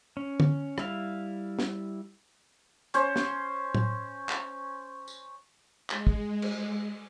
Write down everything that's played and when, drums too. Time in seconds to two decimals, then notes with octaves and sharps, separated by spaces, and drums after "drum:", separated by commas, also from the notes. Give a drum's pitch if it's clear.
0.17 C#4
0.40 drum: tom D3
0.78 G3 E4 F5, drum: rim click
1.59 drum: snare
2.94 C#4 C5, drum: hi-hat
3.16 drum: snare
3.75 drum: tom A2
4.29 drum: clap
5.08 drum: tambourine
5.90 G#3, drum: clap
6.07 drum: kick
6.42 drum: cymbal